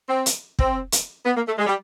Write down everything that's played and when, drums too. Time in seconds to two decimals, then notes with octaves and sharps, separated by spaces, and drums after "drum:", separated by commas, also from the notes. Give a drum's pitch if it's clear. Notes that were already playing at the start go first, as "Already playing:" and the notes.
0.09 C4
0.26 drum: hi-hat
0.59 C4, drum: kick
0.92 drum: hi-hat
1.25 B3
1.36 A#3
1.47 A3
1.58 G#3
1.66 G3